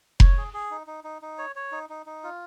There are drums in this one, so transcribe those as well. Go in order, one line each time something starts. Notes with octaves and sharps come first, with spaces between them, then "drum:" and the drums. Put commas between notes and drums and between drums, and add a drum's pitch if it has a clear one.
C#5, drum: kick F1
G#4
G#4
D#4
D#4
D#4
D#4
C#5
C#5
D#4
D#4
D#4
F4